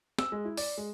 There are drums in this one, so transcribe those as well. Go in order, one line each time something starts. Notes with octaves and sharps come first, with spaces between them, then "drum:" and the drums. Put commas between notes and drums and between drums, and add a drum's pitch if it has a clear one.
E6, drum: snare
G#3
E4
D5, drum: open hi-hat
G#3